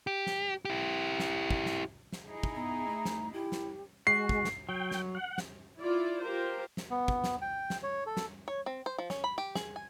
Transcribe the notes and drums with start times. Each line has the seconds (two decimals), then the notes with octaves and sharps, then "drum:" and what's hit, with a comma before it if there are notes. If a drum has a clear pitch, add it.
0.07 G4
0.27 drum: snare
0.65 E4 G4
1.20 drum: snare
1.51 drum: kick
1.66 drum: snare
2.12 drum: snare
2.27 D#4 E4 G#4
2.43 drum: kick
2.55 B3 A#5
2.88 A3
3.05 drum: snare
3.33 E4 G4
3.52 drum: snare
4.07 G#3 F#4 C7
4.29 drum: kick
4.45 drum: snare
4.69 F#3 G5
4.91 drum: snare
5.15 F#5
5.38 drum: snare
5.77 E4 F4 D5
6.23 F4 G4 A#4 C5
6.77 drum: snare
6.90 B3
7.08 drum: kick
7.24 drum: snare
7.41 G5
7.70 drum: snare
7.83 C#5
8.06 A4
8.17 drum: snare
8.48 C#5
8.66 C4
8.86 C5
8.98 F3
9.10 C#4, drum: snare
9.24 B5
9.38 G4
9.55 G#4, drum: snare
9.76 G#5